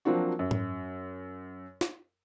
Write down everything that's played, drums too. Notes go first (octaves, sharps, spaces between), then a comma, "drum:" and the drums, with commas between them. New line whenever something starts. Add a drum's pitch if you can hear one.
F3 F#3 A#3 C4 D4 F#4
F#2
drum: tom G#2
drum: snare